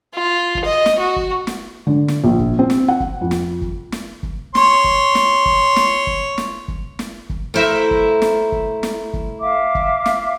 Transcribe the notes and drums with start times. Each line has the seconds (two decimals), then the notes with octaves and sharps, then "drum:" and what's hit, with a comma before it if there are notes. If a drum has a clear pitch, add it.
0.14 F4
0.55 drum: kick
0.65 D#5
0.86 drum: snare
0.99 F#4
1.16 drum: kick
1.47 drum: snare
1.87 D3
2.08 drum: snare
2.24 A#1
2.39 drum: kick
2.59 C4
2.70 drum: snare
2.88 F#5
3.00 drum: kick
3.21 F2
3.31 drum: snare
3.62 drum: kick
3.92 drum: snare
4.23 drum: kick
4.55 C#5 C6, drum: snare
4.84 drum: kick
5.15 drum: snare
5.46 drum: kick
5.76 drum: snare
6.07 drum: kick
6.38 drum: snare
6.68 drum: kick
6.99 drum: snare
7.30 drum: kick
7.54 A3 E4 A#4 C5 E5
7.91 drum: kick
8.22 drum: snare
8.52 drum: kick
8.83 drum: snare
9.14 drum: kick
9.41 E5 F5 D6
9.75 drum: kick
10.06 drum: snare